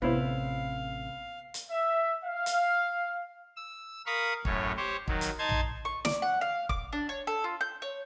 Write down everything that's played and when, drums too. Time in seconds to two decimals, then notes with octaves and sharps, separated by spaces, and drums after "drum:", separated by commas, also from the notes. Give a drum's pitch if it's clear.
0.02 A1 C3 B3 E4 C5 F5
1.54 drum: hi-hat
1.70 E5
2.25 F5
2.46 drum: hi-hat
3.56 E6
4.06 A#4 F5 B5 C#6 D#6
4.45 F#2 A2 C#5, drum: kick
4.77 G4 C5 C#5
5.08 D#3 F#3, drum: kick
5.21 drum: hi-hat
5.39 D#4 A5 C6 G#6
5.49 drum: tom A#1
5.85 C#6
6.05 D5, drum: snare
6.22 F#5
6.41 F5
6.69 D6, drum: kick
6.93 D4
7.09 C#5
7.27 A4
7.44 F4
7.61 G6
7.82 C#5